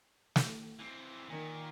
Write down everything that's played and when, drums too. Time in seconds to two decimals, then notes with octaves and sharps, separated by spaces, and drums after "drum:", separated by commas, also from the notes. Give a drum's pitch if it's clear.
0.36 drum: snare
0.79 E3 C4
1.29 A#2 D#3